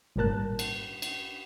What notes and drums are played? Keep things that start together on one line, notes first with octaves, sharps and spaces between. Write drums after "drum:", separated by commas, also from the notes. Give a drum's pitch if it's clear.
G#1 A#2 G3 A#4 A5 F#6
drum: cymbal
drum: cymbal